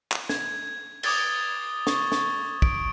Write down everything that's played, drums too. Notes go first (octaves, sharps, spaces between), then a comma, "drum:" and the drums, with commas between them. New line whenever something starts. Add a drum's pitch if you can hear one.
drum: clap
G#6, drum: snare
D6 D#6 G#6 A6 G7, drum: cymbal
C#6, drum: snare
C#6, drum: snare
D7, drum: kick